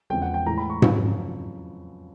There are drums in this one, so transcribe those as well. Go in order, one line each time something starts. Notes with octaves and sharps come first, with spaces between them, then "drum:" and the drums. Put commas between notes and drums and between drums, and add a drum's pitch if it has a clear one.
E2 C#3 F3 G#3 C4 G5
F#5
G5
A2 E3 G#3 A#5
B5
C#6
F2 C#3 F#3, drum: tom G#2